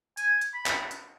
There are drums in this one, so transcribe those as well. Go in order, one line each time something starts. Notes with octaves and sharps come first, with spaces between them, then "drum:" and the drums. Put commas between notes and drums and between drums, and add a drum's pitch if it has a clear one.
G#5, drum: hi-hat
drum: hi-hat
B5
drum: clap
drum: hi-hat